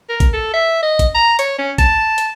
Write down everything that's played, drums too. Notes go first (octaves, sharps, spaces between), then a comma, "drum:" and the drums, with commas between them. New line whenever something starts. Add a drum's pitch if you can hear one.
A#4
drum: kick, hi-hat
A4
E5
D#5
drum: kick, hi-hat
A#5
C#5, drum: hi-hat
C#4
A5, drum: kick, hi-hat
drum: hi-hat